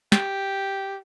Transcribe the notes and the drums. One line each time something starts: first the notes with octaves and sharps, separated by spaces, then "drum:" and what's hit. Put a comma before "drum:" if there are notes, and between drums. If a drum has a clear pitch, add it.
G4, drum: snare